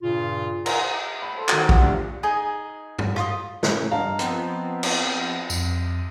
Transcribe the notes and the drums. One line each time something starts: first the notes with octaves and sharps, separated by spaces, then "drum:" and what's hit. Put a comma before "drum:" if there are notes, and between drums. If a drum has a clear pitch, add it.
G2 A#2 C#3 F4
A#4 C5 F5 F#5 G#5 A#5, drum: cymbal
B5
A4 C5
D#3 F#4, drum: clap
F4 G4 F#5, drum: kick A#1
D2 F3 D4
D#4 G#4 D#5 G#5
drum: tom G2
F4 D#5, drum: rim click
A2 C#3 E3, drum: snare
G2 D#5 F5 A5 A#5
F3 B3 C4, drum: hi-hat
drum: cymbal
F2, drum: tambourine